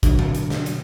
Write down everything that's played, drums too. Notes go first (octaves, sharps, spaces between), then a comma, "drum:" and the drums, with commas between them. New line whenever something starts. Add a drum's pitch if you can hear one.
B2 D3 F#3, drum: kick, hi-hat
drum: tom A2
drum: hi-hat
drum: snare
drum: hi-hat